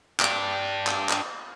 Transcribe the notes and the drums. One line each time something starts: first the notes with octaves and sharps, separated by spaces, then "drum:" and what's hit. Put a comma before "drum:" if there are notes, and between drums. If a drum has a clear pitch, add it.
D4 G4, drum: clap
drum: clap
drum: clap